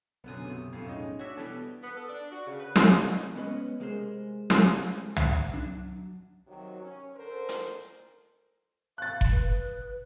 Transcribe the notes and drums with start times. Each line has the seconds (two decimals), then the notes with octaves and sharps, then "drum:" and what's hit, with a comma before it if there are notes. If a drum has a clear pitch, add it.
0.24 B1 F#2 D3 B3 D#6
0.44 C3 A3
0.73 F2 A2 A3
0.89 G#3 C#4 D#4
1.19 D4 F#4 C#5 E5
1.37 B2 E3 G3 B3 A4
1.83 B3
1.96 A4
2.09 D4
2.31 F#4
2.47 C#3
2.60 B4
2.76 D#3, drum: snare
2.88 D3
3.04 D#3
3.35 G#3 B3 C#4 B4 C#5 D#5
3.80 C3 G#3 G#4 A#4 C5
4.50 drum: snare
5.17 drum: tom
5.54 F#3 D4
6.47 C3 D#3 F#3
6.81 C#4
7.15 D3 A4 A#4 C5
7.49 drum: hi-hat
8.98 F5 F#6 A6
9.21 drum: kick F#1
9.31 B4